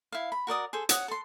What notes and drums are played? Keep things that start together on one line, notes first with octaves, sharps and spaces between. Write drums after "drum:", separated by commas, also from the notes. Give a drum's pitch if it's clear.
E4 F5
B5
F#4 A#4 D5 D#6
G#4 A4 C5
C#5 F#5 D#6, drum: hi-hat
A4 C6